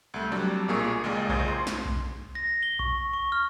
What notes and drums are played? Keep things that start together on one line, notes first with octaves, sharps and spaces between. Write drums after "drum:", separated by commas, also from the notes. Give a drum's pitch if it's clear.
C2 A3
F#3 G3 C4 D4
B1 A#2 A#3 G#4 C#6
C#2 G#3 A#3 G#4 D5 D#5
G#1 C#2 G#4 C5, drum: kick B1
C6
drum: snare
drum: kick B1
A#6
G7
C#6, drum: kick B1
C#6
F6